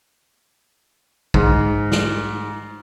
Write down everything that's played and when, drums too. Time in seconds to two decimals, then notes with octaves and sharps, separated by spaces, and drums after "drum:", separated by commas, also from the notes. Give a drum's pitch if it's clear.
1.34 G#2, drum: kick
1.92 drum: snare